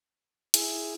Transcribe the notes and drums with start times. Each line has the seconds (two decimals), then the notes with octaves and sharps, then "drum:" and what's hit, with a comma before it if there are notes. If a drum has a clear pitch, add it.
0.54 E4 G#4, drum: hi-hat